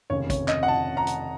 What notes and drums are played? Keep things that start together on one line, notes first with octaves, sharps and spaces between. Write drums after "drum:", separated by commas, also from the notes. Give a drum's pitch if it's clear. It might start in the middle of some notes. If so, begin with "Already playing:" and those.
F1 D#2 C#3 C#5
C#5, drum: kick, hi-hat
D#5, drum: clap
F#5
A5
A#5
drum: hi-hat